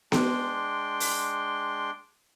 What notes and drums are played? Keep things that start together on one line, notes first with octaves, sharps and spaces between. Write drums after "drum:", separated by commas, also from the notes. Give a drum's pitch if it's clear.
G#3 D4 G5 C6, drum: snare B3
drum: open hi-hat